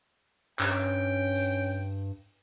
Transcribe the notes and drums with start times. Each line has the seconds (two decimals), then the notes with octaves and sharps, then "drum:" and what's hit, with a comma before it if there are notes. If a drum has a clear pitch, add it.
0.59 G2 C#4 G5, drum: clap
1.35 drum: open hi-hat